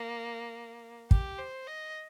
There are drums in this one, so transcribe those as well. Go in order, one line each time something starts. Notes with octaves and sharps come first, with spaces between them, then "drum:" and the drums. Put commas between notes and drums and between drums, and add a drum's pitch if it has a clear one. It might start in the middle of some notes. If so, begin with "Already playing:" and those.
Already playing: A#3
G4, drum: kick
C5
D#5